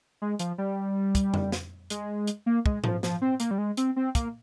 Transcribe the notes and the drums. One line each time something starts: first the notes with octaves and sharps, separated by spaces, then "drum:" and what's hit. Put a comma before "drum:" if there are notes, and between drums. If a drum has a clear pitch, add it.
G#3
F3, drum: hi-hat
G3
drum: kick, hi-hat
drum: tom
drum: snare
G#3, drum: hi-hat
drum: hi-hat
A#3
G#3, drum: kick
F3, drum: tom G#2
F3, drum: snare
C4
A#3, drum: hi-hat
G3
G#3
C4, drum: hi-hat
C4
A#3, drum: kick, hi-hat